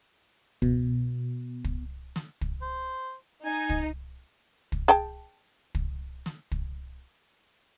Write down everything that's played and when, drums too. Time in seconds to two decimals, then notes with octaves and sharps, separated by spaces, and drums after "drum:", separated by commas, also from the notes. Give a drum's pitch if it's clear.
0.62 B2, drum: kick
1.64 drum: kick
2.16 drum: snare
2.41 drum: kick
2.62 C5
3.45 D#4 G#5
3.69 drum: kick
4.72 drum: kick
4.88 G#4 G5 A5
5.75 drum: kick
6.26 drum: snare
6.51 drum: kick